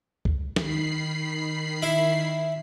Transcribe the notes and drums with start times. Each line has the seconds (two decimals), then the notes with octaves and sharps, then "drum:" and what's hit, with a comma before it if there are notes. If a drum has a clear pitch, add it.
0.25 drum: kick C#2
0.56 D#3 B5 C7, drum: snare
1.83 E4